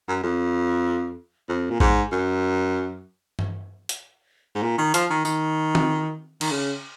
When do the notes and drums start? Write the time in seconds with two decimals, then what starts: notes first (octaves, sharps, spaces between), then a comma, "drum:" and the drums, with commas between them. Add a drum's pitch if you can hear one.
0.08 F#2
0.23 F2
1.49 F2
1.70 A#2
1.80 G#2, drum: kick A1
2.12 F#2
3.39 drum: tom G2
3.89 drum: hi-hat
4.55 G#2
4.63 A#2
4.78 D#3
4.94 F3, drum: hi-hat
5.10 D#3
5.25 D#3, drum: tambourine
5.75 drum: tom D#3
6.41 D#3, drum: cymbal
6.51 C#3